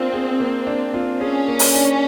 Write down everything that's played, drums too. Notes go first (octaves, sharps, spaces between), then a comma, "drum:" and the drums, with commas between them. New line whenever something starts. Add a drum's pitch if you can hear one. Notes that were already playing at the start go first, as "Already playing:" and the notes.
Already playing: A#3 C4 D4 F4
G#4
A#3
D4
F4
C#4 G#4
A#3
drum: open hi-hat
D4